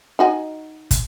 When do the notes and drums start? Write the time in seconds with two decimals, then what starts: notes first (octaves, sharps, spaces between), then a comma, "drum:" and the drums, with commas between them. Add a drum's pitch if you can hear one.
0.19 D#4 F#4 G#5
0.91 drum: kick, hi-hat